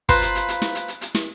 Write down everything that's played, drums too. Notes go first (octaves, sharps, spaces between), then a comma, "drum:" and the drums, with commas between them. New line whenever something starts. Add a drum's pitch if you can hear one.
F4 B4 C5 A#5, drum: kick, hi-hat
drum: hi-hat
drum: hi-hat
drum: hi-hat
drum: snare
drum: hi-hat
drum: hi-hat
drum: hi-hat
drum: snare